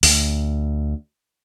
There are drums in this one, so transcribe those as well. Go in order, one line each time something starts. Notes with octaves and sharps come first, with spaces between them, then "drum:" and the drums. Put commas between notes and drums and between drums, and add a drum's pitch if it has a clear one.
D2, drum: open hi-hat